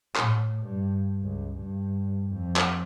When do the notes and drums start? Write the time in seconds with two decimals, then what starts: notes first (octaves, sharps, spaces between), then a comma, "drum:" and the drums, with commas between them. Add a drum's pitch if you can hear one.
0.16 A2, drum: clap
0.66 G2
1.23 C#2
1.57 G2
2.34 F2
2.56 drum: clap